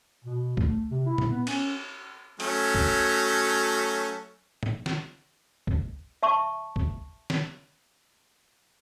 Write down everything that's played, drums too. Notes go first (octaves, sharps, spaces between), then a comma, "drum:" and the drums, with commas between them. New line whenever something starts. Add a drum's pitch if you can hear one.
B2
A3, drum: kick
C3
E4
drum: tom
B3
C#4, drum: cymbal
F#3 A3 C#4, drum: hi-hat
drum: kick
drum: tom
drum: snare
drum: kick
E5 A5 C#6
drum: kick
drum: snare